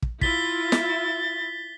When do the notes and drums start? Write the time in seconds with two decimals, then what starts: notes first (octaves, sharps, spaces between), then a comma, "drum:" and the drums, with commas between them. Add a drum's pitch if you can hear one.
0.02 drum: kick
0.21 E4 F4 A6 B6 G7, drum: kick
0.72 drum: snare